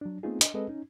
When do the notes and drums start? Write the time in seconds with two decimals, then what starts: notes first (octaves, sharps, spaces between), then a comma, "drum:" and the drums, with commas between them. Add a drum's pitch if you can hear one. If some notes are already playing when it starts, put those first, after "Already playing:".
0.01 F#3 D4
0.23 A3 B3 C4 D#4 F4 G#4
0.41 D4 D#5, drum: hi-hat
0.54 G#3 C4 G#4 A4 B4 D#5
0.69 C#4 D#4